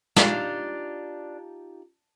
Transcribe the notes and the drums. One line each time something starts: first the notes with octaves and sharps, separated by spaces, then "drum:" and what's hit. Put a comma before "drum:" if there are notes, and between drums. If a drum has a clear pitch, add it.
D4 D#4 F4 G4, drum: snare